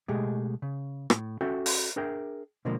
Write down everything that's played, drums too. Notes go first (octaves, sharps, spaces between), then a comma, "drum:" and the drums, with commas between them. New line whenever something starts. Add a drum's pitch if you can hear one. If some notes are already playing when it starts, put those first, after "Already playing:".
B2 G#3 A3 G4 G#4
C#3
A2, drum: rim click
C#4 F#4 A4 E5 G5
drum: open hi-hat
D4 G#4 A#4 E5 G5
B2 D3 F3 G#3 A#3